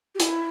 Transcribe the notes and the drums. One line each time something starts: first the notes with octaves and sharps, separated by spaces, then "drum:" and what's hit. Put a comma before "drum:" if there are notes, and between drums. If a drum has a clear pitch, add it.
G4
E4, drum: hi-hat